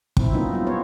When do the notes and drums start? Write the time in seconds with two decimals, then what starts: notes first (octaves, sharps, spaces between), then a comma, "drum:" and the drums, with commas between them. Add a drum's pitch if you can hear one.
0.17 C4 E4, drum: kick
0.33 F#3 A#3 B3 C#4 D#4 F4
0.52 G3 A3 C4 F4
0.67 B3 E4 C#5